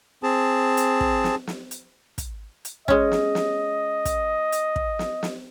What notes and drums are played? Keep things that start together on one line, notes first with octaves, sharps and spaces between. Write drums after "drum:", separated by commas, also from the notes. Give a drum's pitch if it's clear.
C4 G#4 A5
drum: hi-hat
drum: kick
drum: snare
drum: snare
drum: hi-hat
drum: kick, hi-hat
drum: hi-hat
G#3 C#4 D#5, drum: kick
drum: snare
drum: snare
drum: kick, hi-hat
drum: hi-hat
drum: kick
drum: snare
drum: snare